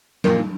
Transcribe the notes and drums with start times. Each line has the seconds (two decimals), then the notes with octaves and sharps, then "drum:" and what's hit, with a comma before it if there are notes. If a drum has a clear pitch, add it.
0.24 A#2 D#3 F3 A#3 F4, drum: tom F#3